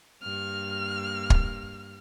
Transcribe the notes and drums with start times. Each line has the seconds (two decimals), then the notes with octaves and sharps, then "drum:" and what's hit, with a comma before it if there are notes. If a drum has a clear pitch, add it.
0.23 G2 A#3 F6
1.30 drum: kick